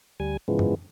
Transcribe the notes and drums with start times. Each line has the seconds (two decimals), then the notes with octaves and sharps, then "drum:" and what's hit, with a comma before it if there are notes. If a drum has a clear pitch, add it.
0.20 D2 G3 G#5
0.48 G#2 C#3 E3 F3 G#3 B3
0.59 drum: tom